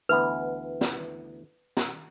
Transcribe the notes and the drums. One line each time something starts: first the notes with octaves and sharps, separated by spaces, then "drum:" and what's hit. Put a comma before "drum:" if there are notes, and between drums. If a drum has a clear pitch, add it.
D2 E3 B3 B4
drum: snare
drum: snare